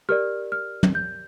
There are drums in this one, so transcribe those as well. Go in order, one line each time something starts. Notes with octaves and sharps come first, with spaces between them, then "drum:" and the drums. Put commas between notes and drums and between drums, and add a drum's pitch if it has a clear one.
G4 A#4 D5 F6
F6
drum: tom
G6